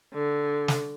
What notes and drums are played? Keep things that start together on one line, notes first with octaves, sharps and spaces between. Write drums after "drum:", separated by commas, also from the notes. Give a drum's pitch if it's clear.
D3
drum: snare